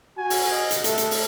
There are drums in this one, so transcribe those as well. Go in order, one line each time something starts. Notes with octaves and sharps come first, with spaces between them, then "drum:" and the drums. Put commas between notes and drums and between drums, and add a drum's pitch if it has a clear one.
F#4 G#5
drum: open hi-hat
D#5
drum: hi-hat
A3 A4, drum: hi-hat
drum: hi-hat
drum: open hi-hat